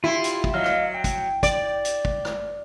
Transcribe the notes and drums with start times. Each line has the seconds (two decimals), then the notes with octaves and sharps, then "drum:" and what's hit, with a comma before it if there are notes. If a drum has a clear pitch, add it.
0.04 E4 F4 G4 C6
0.24 drum: hi-hat
0.44 drum: kick
0.54 F#3 D#5 F5 F6
0.64 drum: rim click
0.94 G5
1.04 drum: kick, hi-hat
1.43 D5, drum: kick, hi-hat
1.85 drum: hi-hat
2.05 drum: kick
2.25 drum: rim click